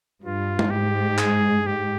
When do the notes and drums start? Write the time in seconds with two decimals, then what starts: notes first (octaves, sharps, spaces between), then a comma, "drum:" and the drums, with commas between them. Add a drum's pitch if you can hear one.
0.23 G2 F4
0.59 drum: tom G#3
0.70 G#2 G4
1.18 G#4, drum: clap
1.66 G#2 G4